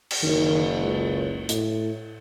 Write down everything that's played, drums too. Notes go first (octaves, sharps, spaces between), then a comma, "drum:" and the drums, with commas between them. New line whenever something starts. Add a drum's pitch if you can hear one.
drum: cymbal
F#1 D#3
C#2
A2, drum: hi-hat